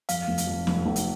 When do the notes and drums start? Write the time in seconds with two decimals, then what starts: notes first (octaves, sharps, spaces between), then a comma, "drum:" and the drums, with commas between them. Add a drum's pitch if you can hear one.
0.09 F2 F5, drum: hi-hat
0.28 F1
0.38 drum: hi-hat
0.47 F2
0.67 F1, drum: snare
0.86 F1
0.96 drum: hi-hat